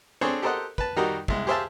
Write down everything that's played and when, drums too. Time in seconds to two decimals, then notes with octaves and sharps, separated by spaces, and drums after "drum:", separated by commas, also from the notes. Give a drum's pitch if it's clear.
0.21 C4 D4 G#4 A4 C5 C#5
0.42 G4 A4 A#4 C5 D#5 F#5
0.78 B4 A5, drum: kick
0.96 D#3 G3 D#4 F#4 G4 A#4
1.28 C2 G#3, drum: kick
1.47 G4 G#4 C5 E5 F5 A5